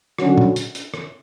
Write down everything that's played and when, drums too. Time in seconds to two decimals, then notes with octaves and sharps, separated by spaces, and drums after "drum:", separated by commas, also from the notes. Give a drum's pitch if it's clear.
0.19 D3 F#3 C#4 F#4, drum: rim click
0.38 drum: tom
0.56 drum: hi-hat
0.75 drum: hi-hat
0.94 drum: rim click